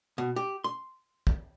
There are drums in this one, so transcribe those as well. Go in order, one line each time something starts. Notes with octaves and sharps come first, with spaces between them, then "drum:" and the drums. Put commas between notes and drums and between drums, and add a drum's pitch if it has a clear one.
B2
G4
C6
drum: kick